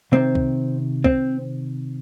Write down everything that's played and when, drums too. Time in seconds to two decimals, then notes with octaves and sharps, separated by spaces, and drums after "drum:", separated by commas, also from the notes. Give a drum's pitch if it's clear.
0.12 C3 D#3 C4
0.35 drum: kick
1.04 C4, drum: kick